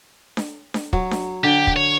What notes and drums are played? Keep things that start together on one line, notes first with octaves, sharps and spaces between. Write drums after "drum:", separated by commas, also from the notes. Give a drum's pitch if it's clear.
drum: snare D4
drum: snare D4
F#3, drum: kick
drum: snare D4
D3 G4
drum: kick
C#5